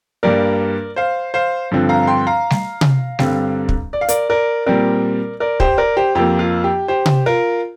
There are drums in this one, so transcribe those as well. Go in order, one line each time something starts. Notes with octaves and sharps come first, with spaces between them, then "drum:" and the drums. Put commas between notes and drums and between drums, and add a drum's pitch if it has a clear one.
G2 G3 A#3 A#4 D5
C5 F5
C5 F5
G2 D3 F3 C4
F5 A#5
G5 C6
F5 A#5
drum: snare
drum: tom C3
G2 D3 G3 C4, drum: snare
drum: kick
D5
F5
A#4 D5, drum: hi-hat
A#4 D5
A#2 G3 C4 A#4 D5
A#4 D5
G4 C5, drum: kick
A#4 D5
G4 C5
F2 F3 A#3 G4
F4
G4
G4 C5
drum: tom C3
F4 A#4